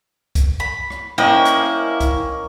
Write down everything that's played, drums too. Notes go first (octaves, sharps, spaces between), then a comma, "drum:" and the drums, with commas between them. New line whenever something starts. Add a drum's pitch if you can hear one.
drum: kick, hi-hat
B5
drum: rim click
A#3 C#4 E4 C5 D#5 G5
drum: hi-hat
drum: kick, hi-hat